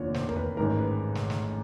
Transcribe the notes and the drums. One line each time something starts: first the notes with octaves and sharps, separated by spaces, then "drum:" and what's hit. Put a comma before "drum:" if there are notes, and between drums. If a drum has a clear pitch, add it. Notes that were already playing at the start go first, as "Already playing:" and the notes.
Already playing: F1 D#2 D3 F3 C#5
C5, drum: snare
A#4, drum: tom E2
B4
A1 G#2 D#3 A#4
B4
drum: snare
drum: snare